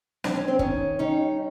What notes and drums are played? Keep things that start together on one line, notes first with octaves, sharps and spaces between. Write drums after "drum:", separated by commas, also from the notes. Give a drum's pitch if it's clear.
C4 D4, drum: snare
C#4
C4
D#3 C#4, drum: kick
G3 C#4 D#4